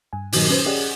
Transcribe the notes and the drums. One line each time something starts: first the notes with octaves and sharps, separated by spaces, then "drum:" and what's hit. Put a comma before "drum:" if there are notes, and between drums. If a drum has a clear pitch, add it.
G2 G#5
G2 A#2 D#3 F#3 D#4, drum: open hi-hat
C#4 B4 C5
C#4 G4 G#4 D5 D#5 F#5